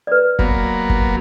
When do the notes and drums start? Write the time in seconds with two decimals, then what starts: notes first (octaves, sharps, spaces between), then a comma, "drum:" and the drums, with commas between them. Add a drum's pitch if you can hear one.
0.07 B4 D5
0.39 F#3 A#3 B3, drum: kick
0.89 drum: kick